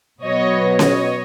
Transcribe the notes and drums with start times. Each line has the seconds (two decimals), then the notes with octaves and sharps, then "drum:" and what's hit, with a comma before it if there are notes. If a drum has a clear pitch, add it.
0.23 B2 F#3 B3 C#5 D#5
0.79 C#5 D#5, drum: snare C#4